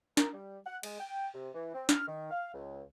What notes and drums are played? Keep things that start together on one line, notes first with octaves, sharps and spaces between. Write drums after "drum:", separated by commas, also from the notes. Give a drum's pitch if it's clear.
A#4, drum: snare
G3
F#5
G#3, drum: cymbal
G5
C3
E3
C4
F6, drum: snare
D#3
F5
C#2